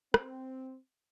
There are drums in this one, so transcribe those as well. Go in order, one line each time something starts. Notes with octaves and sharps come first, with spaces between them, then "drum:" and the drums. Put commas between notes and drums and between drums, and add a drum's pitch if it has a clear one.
C4, drum: rim click